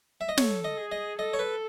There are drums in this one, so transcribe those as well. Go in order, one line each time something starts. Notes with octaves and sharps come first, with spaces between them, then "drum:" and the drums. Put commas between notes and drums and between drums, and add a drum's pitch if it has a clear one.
E5
D#5
A4 C#5, drum: snare
D#5
G#4
D#5
A4 D#5
C#5
B4